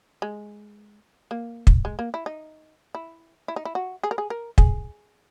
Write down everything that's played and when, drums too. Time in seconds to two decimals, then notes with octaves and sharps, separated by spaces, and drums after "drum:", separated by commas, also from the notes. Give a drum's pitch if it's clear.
0.22 G#3
1.31 A#3
1.67 drum: kick
1.85 G#3
1.99 A#3
2.14 E4
2.26 D#4
2.95 E4
3.48 E4
3.56 D#4
3.65 E4
3.75 F#4
4.03 G#4
4.11 A#4
4.18 G#4
4.30 A#4
4.58 G#4, drum: kick